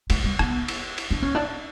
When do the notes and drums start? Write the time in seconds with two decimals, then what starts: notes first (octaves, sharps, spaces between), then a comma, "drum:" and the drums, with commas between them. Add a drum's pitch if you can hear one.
0.10 A3, drum: cymbal
0.24 G3
0.39 B3, drum: rim click
0.68 drum: cymbal
0.98 drum: cymbal
1.11 D4
1.22 C#4
1.35 D4